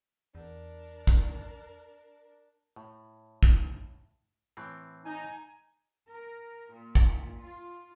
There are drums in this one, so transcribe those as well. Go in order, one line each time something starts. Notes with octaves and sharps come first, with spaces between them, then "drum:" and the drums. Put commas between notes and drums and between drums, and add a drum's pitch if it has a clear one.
E2 D4 A#4
drum: kick
A2
drum: kick
A2 E3 C4
D#4 G#5
A#4
A#2
drum: kick
F4